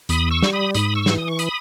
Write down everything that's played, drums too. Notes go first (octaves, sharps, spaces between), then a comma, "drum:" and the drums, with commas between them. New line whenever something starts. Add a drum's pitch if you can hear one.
E2 B5 D#6, drum: hi-hat
C#6 E6
G3, drum: snare
B5 D#6
G#2 B5 D#6, drum: hi-hat
C#6 E6
E3, drum: snare
D#6
C#6
B5 D#6, drum: hi-hat